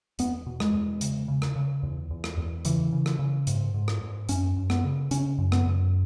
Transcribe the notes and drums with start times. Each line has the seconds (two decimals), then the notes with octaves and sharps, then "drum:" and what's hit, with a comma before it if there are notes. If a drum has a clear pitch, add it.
0.19 E2 B3, drum: hi-hat
0.46 B2
0.60 G#3, drum: rim click
0.74 E2
1.01 C#3, drum: hi-hat
1.28 C#3
1.42 drum: rim click
1.56 C#3
1.83 E2
2.11 E2
2.24 drum: rim click
2.38 E2
2.65 C#3 E3, drum: hi-hat
2.92 C#3
3.06 drum: rim click
3.19 C#3
3.47 G#2, drum: hi-hat
3.74 G#2
3.88 drum: rim click
4.01 G#2
4.29 F#2 C#4, drum: hi-hat
4.56 F#2
4.70 B3, drum: rim click
4.83 C#3
5.11 C#3 C#4, drum: hi-hat
5.38 F#2
5.52 B3, drum: rim click
5.65 F#2